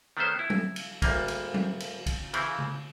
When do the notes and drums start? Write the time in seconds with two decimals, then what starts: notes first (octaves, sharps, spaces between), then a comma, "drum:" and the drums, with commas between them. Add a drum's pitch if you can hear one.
0.17 D#3 A3 B3 C#4 C5
0.39 E4
0.50 drum: tom F#3
0.76 drum: cymbal
1.02 G#1 D2 G3 A#3, drum: kick, cymbal
1.28 drum: cymbal
1.54 drum: tom F#3
1.80 drum: cymbal
2.06 drum: kick, cymbal
2.34 C#3 E3 C4 E4, drum: cymbal
2.59 drum: tom C#3